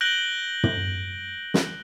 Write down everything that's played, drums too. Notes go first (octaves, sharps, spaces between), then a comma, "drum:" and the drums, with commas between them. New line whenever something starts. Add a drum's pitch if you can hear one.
F#6 G6 A#6 D7 F#7 G7
drum: tom
drum: snare